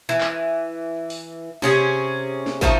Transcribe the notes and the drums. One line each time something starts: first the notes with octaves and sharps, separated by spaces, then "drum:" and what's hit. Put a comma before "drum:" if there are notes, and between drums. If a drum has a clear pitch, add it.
E3
drum: clap
drum: open hi-hat
C3 C#4 G#4, drum: snare
drum: snare
C#3 F3 A3 D#4, drum: kick